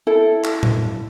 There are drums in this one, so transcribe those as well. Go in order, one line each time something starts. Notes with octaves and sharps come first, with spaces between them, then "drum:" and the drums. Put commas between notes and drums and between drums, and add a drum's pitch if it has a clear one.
E4 A4
drum: clap
drum: tom A2